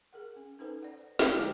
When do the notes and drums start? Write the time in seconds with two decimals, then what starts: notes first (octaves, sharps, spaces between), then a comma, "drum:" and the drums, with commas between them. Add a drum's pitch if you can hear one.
0.13 G#4 A#4 F#5
0.36 C#4
0.59 C#4 D#4 A4 B4 C5
0.83 D5 F#5
1.19 F5, drum: snare
1.36 D3 F3 G#3 F#4 G#5 D6